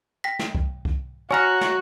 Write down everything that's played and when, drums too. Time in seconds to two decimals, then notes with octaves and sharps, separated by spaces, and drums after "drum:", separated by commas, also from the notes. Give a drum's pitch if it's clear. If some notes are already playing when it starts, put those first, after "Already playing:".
0.24 G5 A#6 B6
0.39 drum: snare
0.55 drum: kick C2
0.85 drum: kick C2
1.31 F#4 C#5 G#5 A#5 F6 A#6
1.61 drum: snare